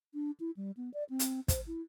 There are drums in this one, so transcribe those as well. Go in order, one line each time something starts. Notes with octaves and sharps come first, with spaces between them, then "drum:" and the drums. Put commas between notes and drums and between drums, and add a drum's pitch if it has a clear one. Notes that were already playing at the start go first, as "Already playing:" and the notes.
D4
E4
G3
B3
D5
C4
drum: hi-hat
C5, drum: kick, hi-hat
E4